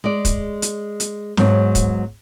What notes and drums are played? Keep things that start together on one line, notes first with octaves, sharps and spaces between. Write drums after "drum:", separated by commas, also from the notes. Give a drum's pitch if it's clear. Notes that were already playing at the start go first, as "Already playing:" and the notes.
G#3 D5
drum: kick, hi-hat
drum: hi-hat
drum: hi-hat
G#2 F#3 B3, drum: snare
drum: kick, hi-hat